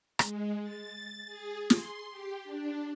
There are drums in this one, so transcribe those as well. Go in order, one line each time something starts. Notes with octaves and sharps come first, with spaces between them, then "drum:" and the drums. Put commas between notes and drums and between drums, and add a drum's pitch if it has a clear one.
G#3, drum: rim click
A6
G#4
C6, drum: snare
G4
D4